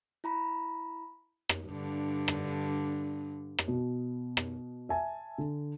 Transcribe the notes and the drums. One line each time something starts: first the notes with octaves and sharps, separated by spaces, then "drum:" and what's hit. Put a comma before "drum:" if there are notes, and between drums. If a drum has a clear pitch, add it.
E4 A#5 B5
drum: rim click
G2 D3
drum: rim click
drum: rim click
B2
drum: rim click
E5 G#5 A5
D3